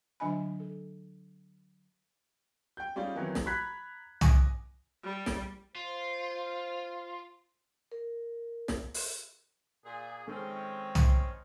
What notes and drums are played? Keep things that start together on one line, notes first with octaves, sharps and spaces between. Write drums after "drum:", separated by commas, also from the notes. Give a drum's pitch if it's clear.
D3 F#3 D4 D#5 G#5 B5
A4
G5 G6
G3 C#4 D#4 F4 G#4 D5
F2 D#3 E3 F#3
drum: snare
A#5 B5 F#6 G#6 B6
G#5 D6 D#6 A#6, drum: tom
G3
drum: snare
F4 C5
A#4
drum: snare
drum: open hi-hat
A#2 G#4
D#3 G#3 C4 C#4 D#4 A4
drum: tom